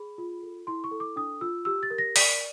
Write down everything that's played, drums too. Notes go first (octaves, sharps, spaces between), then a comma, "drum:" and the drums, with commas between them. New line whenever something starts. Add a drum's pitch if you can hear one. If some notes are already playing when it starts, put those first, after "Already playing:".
Already playing: G#4 B5
F4
A4
E4 C6
C#6
A4
D6
D4 D#6
F4 E6
G4 E6
A6
A#4
A#6
D5 B6, drum: open hi-hat